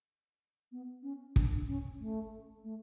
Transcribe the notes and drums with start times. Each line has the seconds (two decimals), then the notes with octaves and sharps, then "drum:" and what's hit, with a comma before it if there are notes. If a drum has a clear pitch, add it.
0.72 B3
1.03 C#4
1.36 D4, drum: kick
1.68 C#4
2.00 A3
2.64 A3